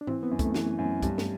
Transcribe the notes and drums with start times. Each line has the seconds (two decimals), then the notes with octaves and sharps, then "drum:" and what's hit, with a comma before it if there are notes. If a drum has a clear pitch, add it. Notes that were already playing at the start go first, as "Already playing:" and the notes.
0.01 D4
0.07 E3 C4, drum: tom G#2
0.23 B3
0.31 F#2
0.39 A3, drum: kick, hi-hat
0.54 E3, drum: snare
0.78 F#2
1.03 G2, drum: kick, hi-hat
1.18 drum: snare